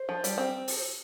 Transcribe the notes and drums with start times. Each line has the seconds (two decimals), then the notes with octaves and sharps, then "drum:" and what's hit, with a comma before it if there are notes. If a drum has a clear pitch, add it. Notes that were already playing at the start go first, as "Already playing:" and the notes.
Already playing: C5
0.09 F3
0.24 G3, drum: hi-hat
0.38 C4
0.68 drum: open hi-hat